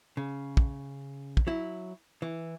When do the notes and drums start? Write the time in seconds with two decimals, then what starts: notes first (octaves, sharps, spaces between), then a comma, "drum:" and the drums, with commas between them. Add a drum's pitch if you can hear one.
0.17 C#3
0.57 drum: kick
1.37 drum: kick
1.47 F#3 E4
2.22 E3